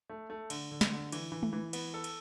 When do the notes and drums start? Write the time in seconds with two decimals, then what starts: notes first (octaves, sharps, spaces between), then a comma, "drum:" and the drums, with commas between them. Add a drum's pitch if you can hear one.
0.10 A3
0.30 A3
0.50 D3, drum: cymbal
0.71 D3
0.81 drum: snare
0.92 D3
1.12 E3, drum: cymbal
1.32 E3
1.43 drum: tom G#3
1.53 E3
1.73 B3, drum: cymbal
1.94 A4
2.04 drum: cymbal